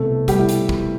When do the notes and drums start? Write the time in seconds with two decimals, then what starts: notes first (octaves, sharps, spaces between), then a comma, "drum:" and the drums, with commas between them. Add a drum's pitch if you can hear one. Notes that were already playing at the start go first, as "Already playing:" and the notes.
Already playing: C2 B2 A3 C4 A4
0.28 G3 G4, drum: kick, hi-hat
0.39 E4
0.49 drum: hi-hat
0.69 drum: kick